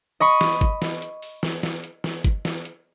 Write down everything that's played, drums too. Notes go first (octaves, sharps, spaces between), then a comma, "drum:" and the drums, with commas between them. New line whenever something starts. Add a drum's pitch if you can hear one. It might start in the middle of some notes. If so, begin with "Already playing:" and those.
D#5 B5 C#6
drum: snare
drum: kick, hi-hat
drum: snare
drum: hi-hat
drum: open hi-hat
drum: snare
drum: snare
drum: hi-hat
drum: snare
drum: kick, hi-hat
drum: snare
drum: hi-hat